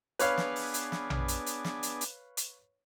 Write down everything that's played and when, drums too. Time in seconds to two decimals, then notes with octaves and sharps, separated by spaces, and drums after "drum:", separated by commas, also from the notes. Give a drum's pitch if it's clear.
0.19 B3 D4 G#4 B4 C#5 F5, drum: hi-hat
0.38 drum: snare
0.56 drum: open hi-hat
0.74 drum: hi-hat
0.92 drum: snare
1.10 drum: tom A#1
1.28 drum: hi-hat
1.46 drum: hi-hat
1.65 drum: snare
1.83 drum: hi-hat
2.01 drum: hi-hat
2.37 drum: hi-hat